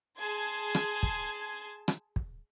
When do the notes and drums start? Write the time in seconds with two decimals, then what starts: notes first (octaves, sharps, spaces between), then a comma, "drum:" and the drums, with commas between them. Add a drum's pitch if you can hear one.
0.18 G#4 A5 C6 G#6
0.75 drum: rim click
1.03 drum: kick
1.88 drum: rim click
2.16 drum: kick